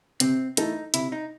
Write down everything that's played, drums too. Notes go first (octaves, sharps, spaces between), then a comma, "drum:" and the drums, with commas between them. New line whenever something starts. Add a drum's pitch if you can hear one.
C3 C4, drum: hi-hat
E3 A3 D#4 E4 A4, drum: hi-hat
C3 E4, drum: hi-hat
D#4